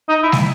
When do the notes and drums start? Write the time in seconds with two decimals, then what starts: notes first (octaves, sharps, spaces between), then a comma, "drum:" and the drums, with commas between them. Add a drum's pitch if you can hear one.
0.09 D#4
0.23 E4
0.32 drum: snare